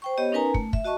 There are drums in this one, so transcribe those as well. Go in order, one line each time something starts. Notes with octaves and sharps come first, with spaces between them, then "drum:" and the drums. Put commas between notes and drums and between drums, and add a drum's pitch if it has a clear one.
C5 G5 C#6
B3 G4 C#5 D#5
C#4 D#4 A#4 B4 G#5 A#5
A3, drum: kick
E5, drum: kick
F#4 D#5 A5 C#6